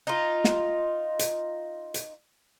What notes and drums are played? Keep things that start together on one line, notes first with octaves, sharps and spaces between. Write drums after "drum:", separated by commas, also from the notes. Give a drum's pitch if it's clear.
D#4 F4
drum: snare
drum: hi-hat
drum: hi-hat